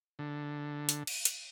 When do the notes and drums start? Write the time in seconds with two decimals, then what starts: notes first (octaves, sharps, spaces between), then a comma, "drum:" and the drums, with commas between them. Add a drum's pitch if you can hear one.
0.19 D3
0.89 drum: hi-hat
1.07 drum: cymbal
1.25 drum: hi-hat